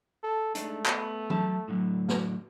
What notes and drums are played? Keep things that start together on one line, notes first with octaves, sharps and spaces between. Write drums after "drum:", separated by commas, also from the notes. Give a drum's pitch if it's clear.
A4
G#3 A3 D4 D#4, drum: hi-hat
B3, drum: clap
F#3 A5, drum: tom
A2 D3 F#3
drum: snare